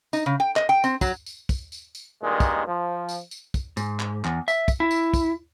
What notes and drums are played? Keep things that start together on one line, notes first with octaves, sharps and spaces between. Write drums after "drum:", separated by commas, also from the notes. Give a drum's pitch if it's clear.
D#4, drum: tambourine
C#3
G5
D#5, drum: clap
G5
C4, drum: tambourine
F#3, drum: kick, tambourine
drum: tambourine
drum: kick, tambourine
drum: tambourine
drum: tambourine
G2 A#2 D#3 G#3
drum: kick, tambourine
F3
drum: tambourine
drum: tambourine
drum: kick, tambourine
G#2, drum: tambourine
drum: clap
E2, drum: clap
E5, drum: tambourine
drum: kick, tambourine
E4
drum: tambourine
drum: kick, tambourine